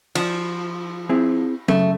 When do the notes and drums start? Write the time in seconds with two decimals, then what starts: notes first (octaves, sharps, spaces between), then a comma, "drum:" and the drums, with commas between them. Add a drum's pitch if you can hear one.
0.15 F3, drum: cymbal
1.09 C4 E4 G#4
1.68 F#2 C#3 A3, drum: tom